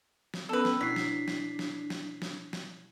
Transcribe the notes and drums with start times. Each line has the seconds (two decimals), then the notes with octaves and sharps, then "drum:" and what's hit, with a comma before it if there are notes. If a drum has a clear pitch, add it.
0.34 drum: snare
0.49 B3 C#4 A4 B4 E6
0.65 drum: snare
0.81 B2 F#3 D4 E4 B6 C7
0.96 drum: snare
1.28 drum: snare
1.59 drum: snare
1.90 drum: snare
2.22 drum: snare
2.53 drum: snare